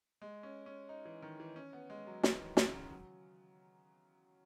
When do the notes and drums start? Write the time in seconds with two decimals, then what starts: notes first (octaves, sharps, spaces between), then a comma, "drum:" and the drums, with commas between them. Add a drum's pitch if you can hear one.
0.22 G#3
0.43 C#4
0.66 C#4
0.89 D#4
1.05 E3
1.22 D#3
1.40 E3
1.56 C#4
1.73 B3
1.90 G#3
2.07 F#3
2.23 E3, drum: snare
2.41 D#3
2.57 C#3, drum: snare
2.73 D#3
2.91 F#3